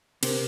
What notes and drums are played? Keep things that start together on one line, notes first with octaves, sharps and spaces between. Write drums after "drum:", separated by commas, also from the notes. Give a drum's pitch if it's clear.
C3 A#4, drum: cymbal